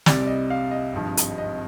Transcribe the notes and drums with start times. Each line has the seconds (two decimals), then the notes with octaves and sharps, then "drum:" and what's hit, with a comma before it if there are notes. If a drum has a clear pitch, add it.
0.06 C2 C3 G3 D5, drum: snare
0.22 D5
0.27 D#5
0.50 F5
0.71 D#5
0.93 G#1 G2 F3
1.17 drum: hi-hat
1.38 D#5